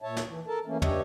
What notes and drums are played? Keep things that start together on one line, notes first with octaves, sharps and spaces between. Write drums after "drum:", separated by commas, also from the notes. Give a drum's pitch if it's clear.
A#2 C#5 E5 A5
drum: snare
E3
A4 A#4 A5
E3 A3 A#3 C#4
G2 D4 G4 C#5 D#5 E5, drum: tom